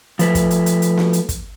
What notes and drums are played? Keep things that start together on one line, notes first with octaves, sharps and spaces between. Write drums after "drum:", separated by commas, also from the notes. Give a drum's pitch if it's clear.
F3 A3 B4, drum: hi-hat
drum: kick, hi-hat
drum: hi-hat
drum: hi-hat
drum: hi-hat
drum: snare
drum: hi-hat
drum: kick, hi-hat